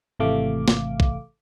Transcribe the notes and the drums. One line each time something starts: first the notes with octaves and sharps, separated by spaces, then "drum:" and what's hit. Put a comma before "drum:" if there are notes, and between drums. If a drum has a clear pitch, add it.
G#1 C3 E3 A3 F5 D6
drum: snare
drum: kick